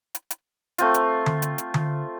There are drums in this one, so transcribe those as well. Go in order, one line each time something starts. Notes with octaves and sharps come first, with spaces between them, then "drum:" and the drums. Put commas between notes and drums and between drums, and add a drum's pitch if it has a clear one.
drum: hi-hat
drum: hi-hat
A3 C4 F4, drum: hi-hat
drum: hi-hat
drum: tom D3
drum: hi-hat
drum: hi-hat
drum: tom D3